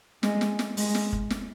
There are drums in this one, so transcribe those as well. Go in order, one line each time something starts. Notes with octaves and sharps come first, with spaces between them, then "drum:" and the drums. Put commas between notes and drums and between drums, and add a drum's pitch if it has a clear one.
G#3, drum: snare
drum: snare
drum: snare
G#3, drum: open hi-hat
drum: snare
drum: kick
drum: snare